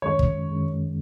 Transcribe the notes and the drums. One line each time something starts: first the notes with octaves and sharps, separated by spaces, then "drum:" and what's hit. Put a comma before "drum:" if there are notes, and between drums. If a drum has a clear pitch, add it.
F#2 D#3 G#3 C#4 C#5
drum: kick
F#2 D#3 G#3 C#4